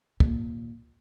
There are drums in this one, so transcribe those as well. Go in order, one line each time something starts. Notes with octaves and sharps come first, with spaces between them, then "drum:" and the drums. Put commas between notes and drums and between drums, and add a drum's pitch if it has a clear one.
D#2 A#2, drum: kick